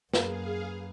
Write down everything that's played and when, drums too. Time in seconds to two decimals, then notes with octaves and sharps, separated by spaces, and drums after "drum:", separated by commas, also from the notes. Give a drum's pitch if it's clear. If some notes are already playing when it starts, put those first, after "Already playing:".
0.14 F#2 A#3 G#4 B4 F5, drum: snare